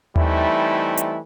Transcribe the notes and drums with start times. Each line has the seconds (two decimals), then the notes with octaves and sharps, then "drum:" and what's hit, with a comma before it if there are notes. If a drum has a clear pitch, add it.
0.16 E3 G3 A3 C4 D#4 E4, drum: tom D#2
0.97 drum: hi-hat